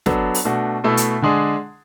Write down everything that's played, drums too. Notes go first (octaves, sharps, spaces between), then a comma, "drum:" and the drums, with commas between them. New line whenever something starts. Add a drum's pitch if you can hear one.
F#3 B3 D4 A4, drum: snare
drum: open hi-hat
B2 A3 D4 F#4
B2 A3 E4 A4
drum: hi-hat
D3 G#3 D4 G#4